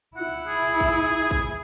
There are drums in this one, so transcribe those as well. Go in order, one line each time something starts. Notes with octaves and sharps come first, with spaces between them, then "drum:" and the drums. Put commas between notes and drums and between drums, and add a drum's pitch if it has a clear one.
E4 F#5
G#4
drum: kick
drum: kick